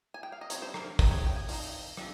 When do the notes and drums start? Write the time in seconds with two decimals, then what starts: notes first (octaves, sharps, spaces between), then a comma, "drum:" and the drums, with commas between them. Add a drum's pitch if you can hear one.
0.14 G#5
0.23 G5
0.32 F5
0.41 D#5
0.50 G3 C4 D#4 C#5, drum: hi-hat
0.62 C5
0.74 A#4, drum: rim click
0.99 G3 C4 D#4 C5, drum: kick, open hi-hat
1.11 C#5
1.26 G5
1.36 G#5
1.49 F3 C4 D#4, drum: open hi-hat
1.97 F3 C4, drum: rim click